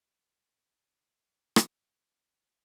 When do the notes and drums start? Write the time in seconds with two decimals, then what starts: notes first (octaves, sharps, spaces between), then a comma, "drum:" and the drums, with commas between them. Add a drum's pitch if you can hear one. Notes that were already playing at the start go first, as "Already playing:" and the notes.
0.09 C#5 D5
1.56 drum: rim click